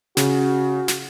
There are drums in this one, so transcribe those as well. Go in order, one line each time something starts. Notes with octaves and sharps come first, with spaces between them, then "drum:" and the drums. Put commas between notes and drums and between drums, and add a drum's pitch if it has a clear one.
C#3 F#4, drum: snare
drum: snare